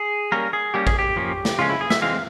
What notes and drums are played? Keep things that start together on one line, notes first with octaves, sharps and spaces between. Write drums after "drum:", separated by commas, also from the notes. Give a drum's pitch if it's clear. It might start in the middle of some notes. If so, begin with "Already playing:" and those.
Already playing: G#4
G3 A#3 C#4 A#4
G#4
G3 A#3 C#4 G4
G#4, drum: kick A1
G4
F3 A#3 C#4
drum: snare
C#3 F3 G#3 C#4 F4
E4
G#4
E5, drum: snare
E3 G#3 C4 F5